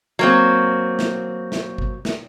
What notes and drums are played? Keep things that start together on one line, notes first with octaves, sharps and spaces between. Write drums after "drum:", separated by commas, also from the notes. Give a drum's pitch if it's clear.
F#3 A#3 C4
drum: snare
drum: snare
drum: kick G1
drum: snare